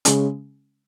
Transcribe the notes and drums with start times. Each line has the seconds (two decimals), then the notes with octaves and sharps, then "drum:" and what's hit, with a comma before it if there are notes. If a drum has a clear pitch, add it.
0.05 C#3 G#3 C#4, drum: hi-hat